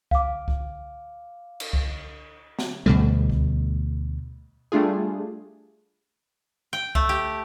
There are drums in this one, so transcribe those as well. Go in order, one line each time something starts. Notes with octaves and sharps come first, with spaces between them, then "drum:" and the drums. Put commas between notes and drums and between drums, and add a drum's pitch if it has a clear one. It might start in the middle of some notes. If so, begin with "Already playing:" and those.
F5 D6, drum: kick C#2
drum: kick C#2
drum: cymbal
drum: kick C#2
drum: snare
D2 B2 G3 A3
drum: kick C#2
G3 A3 D4 F4 G#4
G5
A3, drum: kick C#2
G4